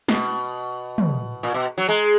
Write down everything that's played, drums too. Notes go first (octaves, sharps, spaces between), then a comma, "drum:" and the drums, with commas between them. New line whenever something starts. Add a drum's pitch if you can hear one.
B2, drum: snare
drum: tom
A#2
B2
F#3
G#3